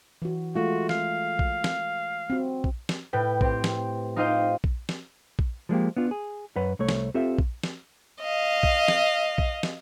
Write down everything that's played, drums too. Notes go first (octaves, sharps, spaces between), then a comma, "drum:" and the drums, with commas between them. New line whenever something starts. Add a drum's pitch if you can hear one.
E3 F#4
G#3 A3 F4 F#4
F5, drum: snare
drum: kick A#1
drum: snare
C4 F#4
drum: kick A#1
drum: snare
A2 B4 G5
C4 G4, drum: kick A#1
drum: snare
D#4 F4 G4 C5 D#5 F5
drum: kick A#1
drum: snare
drum: kick A#1
F3 G#3 A#3 G4
B3 D4 F4
G#4
F#2 B4 C#5 F#5
C2 A3 C#5
drum: snare
C4 F4 G4 A4 C5 E5
drum: kick A#1
drum: snare
D#5 F5
drum: kick A#1
drum: snare
drum: kick A#1
drum: snare